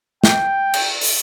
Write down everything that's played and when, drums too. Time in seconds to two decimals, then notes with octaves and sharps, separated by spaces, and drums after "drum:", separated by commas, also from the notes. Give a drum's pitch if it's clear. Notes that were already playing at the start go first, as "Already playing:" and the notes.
0.24 G5, drum: snare
0.74 drum: cymbal
1.01 drum: open hi-hat